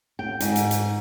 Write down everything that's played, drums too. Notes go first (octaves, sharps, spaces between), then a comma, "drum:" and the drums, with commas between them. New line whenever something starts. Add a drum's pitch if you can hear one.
G5
G#2, drum: hi-hat
drum: hi-hat
drum: hi-hat